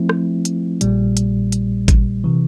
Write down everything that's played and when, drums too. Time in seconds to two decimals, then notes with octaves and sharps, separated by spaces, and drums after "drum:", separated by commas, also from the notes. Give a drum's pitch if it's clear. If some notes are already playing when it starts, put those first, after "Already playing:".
Already playing: F3 A3 C4 E4
0.09 drum: rim click
0.45 drum: hi-hat
0.81 A#1 A#2 G3, drum: hi-hat
1.17 drum: hi-hat
1.52 drum: hi-hat
1.88 drum: kick G#1, hi-hat
2.24 C3 E3